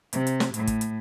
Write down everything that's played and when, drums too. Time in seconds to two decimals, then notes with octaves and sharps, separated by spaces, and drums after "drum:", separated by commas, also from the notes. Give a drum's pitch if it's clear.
0.13 C3, drum: hi-hat
0.27 drum: hi-hat
0.40 drum: snare
0.54 A2, drum: hi-hat
0.67 drum: kick, hi-hat
0.81 drum: hi-hat